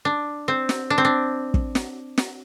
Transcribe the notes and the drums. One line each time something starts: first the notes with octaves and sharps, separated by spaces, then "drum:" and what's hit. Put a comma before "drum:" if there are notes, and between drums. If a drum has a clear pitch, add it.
D4
C4
drum: snare
D4
C4
D4
drum: kick
drum: snare
drum: snare